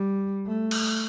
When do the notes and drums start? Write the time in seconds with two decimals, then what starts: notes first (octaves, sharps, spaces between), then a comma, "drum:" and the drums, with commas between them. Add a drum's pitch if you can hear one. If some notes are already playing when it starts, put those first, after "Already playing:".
Already playing: G3
0.47 A3
0.71 drum: cymbal